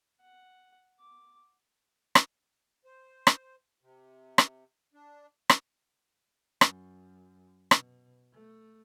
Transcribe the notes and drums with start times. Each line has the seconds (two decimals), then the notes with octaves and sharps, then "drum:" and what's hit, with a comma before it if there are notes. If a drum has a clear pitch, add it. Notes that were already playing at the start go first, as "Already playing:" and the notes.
0.21 F#5
1.00 D6
2.15 drum: rim click
2.85 C5
3.27 drum: rim click
3.82 C3
4.38 drum: rim click
4.94 D4
5.50 drum: rim click
6.61 F#2, drum: rim click
7.71 B2, drum: rim click
8.33 A3